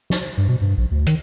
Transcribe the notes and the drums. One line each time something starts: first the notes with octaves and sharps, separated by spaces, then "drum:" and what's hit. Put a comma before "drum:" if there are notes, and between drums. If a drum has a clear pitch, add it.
drum: snare
G2
B2
G2
A#1
D2
D#3, drum: hi-hat